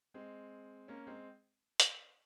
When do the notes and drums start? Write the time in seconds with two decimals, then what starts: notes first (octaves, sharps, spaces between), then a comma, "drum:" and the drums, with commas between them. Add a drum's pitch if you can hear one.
0.14 G#3 C4
0.88 A#3 C#4
1.07 G#3 C4
1.80 drum: hi-hat